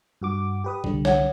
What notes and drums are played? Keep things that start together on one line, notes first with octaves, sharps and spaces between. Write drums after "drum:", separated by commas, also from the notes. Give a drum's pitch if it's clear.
G2 F#4 D6
G4 B4 D#6
C2 D3 G3, drum: kick
C#5 F#5, drum: snare